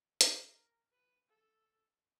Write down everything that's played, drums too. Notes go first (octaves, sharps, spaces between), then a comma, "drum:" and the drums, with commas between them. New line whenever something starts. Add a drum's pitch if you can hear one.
A#4, drum: hi-hat
B4
A4